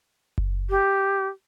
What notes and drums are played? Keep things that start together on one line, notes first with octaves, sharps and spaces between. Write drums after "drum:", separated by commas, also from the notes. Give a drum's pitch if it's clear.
drum: kick F#1
G4